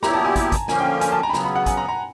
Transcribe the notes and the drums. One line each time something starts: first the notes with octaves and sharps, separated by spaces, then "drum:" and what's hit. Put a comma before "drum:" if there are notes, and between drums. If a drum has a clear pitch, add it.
A#2 F#3 B3 E4 G4 A#5, drum: snare
A5
G#5
drum: kick, hi-hat
drum: kick, hi-hat
D3 F3 A#3 C#4 G#5, drum: snare
G5
G#5, drum: hi-hat
A5
A#5
B5
C#3 F#3 B3 A#5, drum: snare
B5
F#5
G#5, drum: kick, hi-hat
A#5
A#5